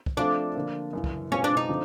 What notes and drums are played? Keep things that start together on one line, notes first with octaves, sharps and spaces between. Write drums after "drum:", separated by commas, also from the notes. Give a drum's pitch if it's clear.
drum: kick
F3 A3 C4 D4 F4 A4
D3 F3 A#3
F#2 C#3 E3
drum: kick
B2 G#3 C4 C#4 F4
D4
D#4
D3 F3 A3 C4